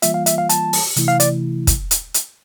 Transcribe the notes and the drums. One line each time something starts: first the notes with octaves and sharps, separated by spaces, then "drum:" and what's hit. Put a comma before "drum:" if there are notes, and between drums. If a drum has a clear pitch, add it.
E3 G3 A#3 F4 E5, drum: hi-hat
F5
E5, drum: hi-hat
F5
A5, drum: hi-hat
drum: open hi-hat
C3 E3 A3 E4, drum: hi-hat
F5
D5, drum: hi-hat
drum: kick, hi-hat
drum: hi-hat
drum: hi-hat